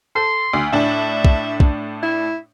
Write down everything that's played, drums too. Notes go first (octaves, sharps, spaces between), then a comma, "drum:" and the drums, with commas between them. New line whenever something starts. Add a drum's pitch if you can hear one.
A4 C6
D2
A2 D4 E5
drum: kick
drum: kick
E4